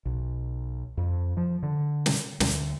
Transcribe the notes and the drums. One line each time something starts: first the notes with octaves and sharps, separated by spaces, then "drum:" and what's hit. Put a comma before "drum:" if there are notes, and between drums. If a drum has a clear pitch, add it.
B1
F2
F3
D3
drum: snare
D2, drum: snare